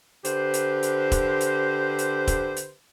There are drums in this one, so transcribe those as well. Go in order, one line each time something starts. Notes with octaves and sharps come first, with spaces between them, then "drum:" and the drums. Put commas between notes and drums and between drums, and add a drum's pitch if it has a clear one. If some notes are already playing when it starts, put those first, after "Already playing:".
D3 G4 B4 C5, drum: hi-hat
drum: hi-hat
drum: hi-hat
drum: kick E1, hi-hat
drum: hi-hat
drum: hi-hat
drum: kick E1, hi-hat
drum: hi-hat